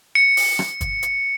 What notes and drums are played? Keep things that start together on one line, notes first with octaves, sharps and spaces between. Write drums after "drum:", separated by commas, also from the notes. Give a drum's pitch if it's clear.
C#7
drum: open hi-hat
drum: rim click
drum: kick, hi-hat
drum: hi-hat